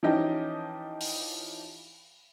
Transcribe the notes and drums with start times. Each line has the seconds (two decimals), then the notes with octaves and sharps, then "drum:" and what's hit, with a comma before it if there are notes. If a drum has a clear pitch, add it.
0.03 E3 F3 C#4 D#4 G4 D#5
1.01 drum: open hi-hat